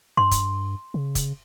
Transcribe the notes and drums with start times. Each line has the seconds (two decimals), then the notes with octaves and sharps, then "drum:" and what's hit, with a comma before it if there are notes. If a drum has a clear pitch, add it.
0.17 G2 C6
0.31 drum: kick, hi-hat
0.94 C#3
1.15 drum: kick, hi-hat